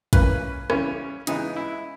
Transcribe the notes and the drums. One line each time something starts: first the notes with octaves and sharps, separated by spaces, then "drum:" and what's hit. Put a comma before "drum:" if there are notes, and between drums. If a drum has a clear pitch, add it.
C#3 E3 A#3 C#4 B4, drum: kick, hi-hat
C#3 E3 G3 B3 C#4, drum: rim click
C#3 E3 G#3 B3 D#4, drum: hi-hat
E4